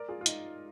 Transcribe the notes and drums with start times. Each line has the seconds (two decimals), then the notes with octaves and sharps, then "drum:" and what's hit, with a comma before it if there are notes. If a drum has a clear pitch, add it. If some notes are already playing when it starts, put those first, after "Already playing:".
Already playing: A#4 D5
0.09 F4 G#4
0.21 F4
0.26 D#4, drum: hi-hat